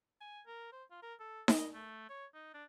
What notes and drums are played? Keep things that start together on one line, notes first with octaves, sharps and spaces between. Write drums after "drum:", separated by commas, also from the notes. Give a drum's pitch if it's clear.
G#5
A#4
C5
F4
A#4
A4
D#5, drum: snare D#4
A3
C#5
D#4
D4